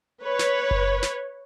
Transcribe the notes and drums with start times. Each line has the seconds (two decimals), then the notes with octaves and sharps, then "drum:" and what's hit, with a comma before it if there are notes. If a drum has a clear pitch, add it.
0.23 B4 C#5
0.39 drum: snare
0.71 drum: kick F#1
1.02 drum: snare